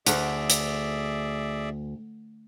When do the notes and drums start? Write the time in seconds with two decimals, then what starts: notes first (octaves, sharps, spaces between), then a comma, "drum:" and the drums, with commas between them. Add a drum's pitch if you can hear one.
0.07 D2 G#4 D5 E5, drum: hi-hat
0.50 drum: hi-hat